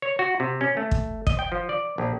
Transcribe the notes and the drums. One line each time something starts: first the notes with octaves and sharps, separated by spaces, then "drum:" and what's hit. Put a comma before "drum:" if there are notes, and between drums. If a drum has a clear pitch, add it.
C#5
F#4
C3
C#4
A3
drum: kick
D#5, drum: kick
G5
F3
D5
A#1